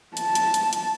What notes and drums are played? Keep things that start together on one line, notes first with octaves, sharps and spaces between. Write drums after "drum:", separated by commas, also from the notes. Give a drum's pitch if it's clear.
A5, drum: hi-hat
drum: hi-hat
drum: hi-hat
drum: hi-hat